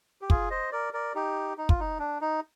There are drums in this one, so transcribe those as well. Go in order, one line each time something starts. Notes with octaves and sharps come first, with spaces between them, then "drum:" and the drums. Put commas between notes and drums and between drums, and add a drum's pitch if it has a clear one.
G4
F4 G#4, drum: kick
C5 D#5
A#4 D5
A#4 D5
D#4 G4
D#4
F4, drum: kick
D#4
D4
D#4